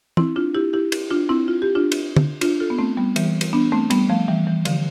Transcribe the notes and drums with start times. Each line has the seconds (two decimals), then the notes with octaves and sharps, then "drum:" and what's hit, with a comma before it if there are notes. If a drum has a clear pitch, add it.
0.17 C4 E4, drum: tom
0.36 D4 F4
0.55 E4 G4
0.73 E4 G4
0.92 drum: cymbal
1.10 D4 F4
1.29 C4 E4
1.48 F4
1.62 G4
1.75 D4 F4
1.92 drum: cymbal
2.17 drum: tom
2.41 D4 F4, drum: cymbal
2.60 F4 A4
2.70 B3
2.79 A3 C4
2.97 G3 B3
3.16 E3 G3, drum: cymbal
3.41 drum: cymbal
3.53 B3 D4
3.72 A3 C4
3.90 G3 B3, drum: cymbal
4.10 F3 A3
4.28 E3 G3
4.47 E3 G3
4.65 D3 F3, drum: cymbal